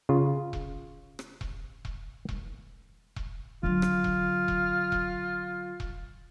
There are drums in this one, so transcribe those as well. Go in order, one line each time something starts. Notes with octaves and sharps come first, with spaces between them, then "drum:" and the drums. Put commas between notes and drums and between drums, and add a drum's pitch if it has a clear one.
C#3 F4
drum: kick E1
drum: rim click
drum: kick E1
drum: kick E1
drum: kick E1
drum: kick E1
D3 F#3 F4
drum: rim click
drum: kick E1
drum: kick E1
drum: kick E1
drum: kick E1